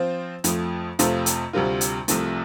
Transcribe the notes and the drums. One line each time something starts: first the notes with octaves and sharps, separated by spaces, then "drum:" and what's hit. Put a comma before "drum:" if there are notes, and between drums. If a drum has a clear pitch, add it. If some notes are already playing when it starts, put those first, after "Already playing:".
Already playing: F3 C4 F4 C5
F2 F3 A3, drum: hi-hat
F2 C3 A3 F4 C5, drum: hi-hat
drum: hi-hat
D2 C3 G3 C4 F4
drum: hi-hat
C2 C3 F3 A3, drum: hi-hat